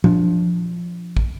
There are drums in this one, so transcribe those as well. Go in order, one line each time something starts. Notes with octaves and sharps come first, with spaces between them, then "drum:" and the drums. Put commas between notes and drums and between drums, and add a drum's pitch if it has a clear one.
F3 D4, drum: tom A#2
drum: kick